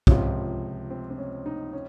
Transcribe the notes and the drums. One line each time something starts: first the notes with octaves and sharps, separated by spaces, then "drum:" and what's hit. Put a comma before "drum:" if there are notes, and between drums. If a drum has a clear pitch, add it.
C#2 C3 F3 C#4, drum: kick
C4
C4
C#4
D#4
C#4